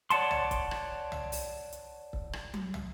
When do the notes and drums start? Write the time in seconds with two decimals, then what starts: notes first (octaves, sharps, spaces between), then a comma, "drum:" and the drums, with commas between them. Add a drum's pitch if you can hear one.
0.10 C#5 D5 F#5 A5 C6, drum: hi-hat
0.31 drum: tom
0.51 drum: kick, hi-hat
0.71 drum: rim click
1.12 drum: tom
1.32 drum: open hi-hat
1.73 drum: hi-hat
2.13 drum: kick
2.33 drum: rim click
2.54 drum: tom
2.74 drum: tom